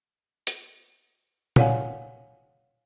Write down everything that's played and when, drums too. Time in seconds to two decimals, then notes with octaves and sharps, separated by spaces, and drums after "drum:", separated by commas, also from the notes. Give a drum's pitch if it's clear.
0.47 drum: hi-hat
1.56 C#5 D5 F5 F#5 G#5, drum: tom A#2